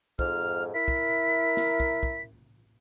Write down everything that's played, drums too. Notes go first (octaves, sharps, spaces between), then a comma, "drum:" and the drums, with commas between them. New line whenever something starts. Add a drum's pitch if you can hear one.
F2 G#2 F6, drum: kick
E4 A#4 B6
drum: kick
drum: snare
drum: kick
drum: kick